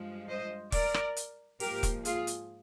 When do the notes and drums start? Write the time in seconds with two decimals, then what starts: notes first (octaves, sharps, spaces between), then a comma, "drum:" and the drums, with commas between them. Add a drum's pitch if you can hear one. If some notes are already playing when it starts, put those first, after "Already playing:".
Already playing: G2 F3 G#3
0.28 C5 D#5
0.72 A#4 D5, drum: kick E1, open hi-hat
0.94 drum: rim click
1.17 drum: hi-hat
1.60 G#2 F3 A#3 G4 A#4, drum: open hi-hat
1.83 drum: kick E1, hi-hat
2.05 F4 G#4, drum: hi-hat
2.27 drum: hi-hat